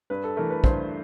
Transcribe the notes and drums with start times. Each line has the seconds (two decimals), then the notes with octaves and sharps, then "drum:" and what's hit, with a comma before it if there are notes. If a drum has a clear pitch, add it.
0.10 G2 B4
0.24 A4
0.37 E3 A3 A#4
0.50 B4
0.64 G2 C5, drum: kick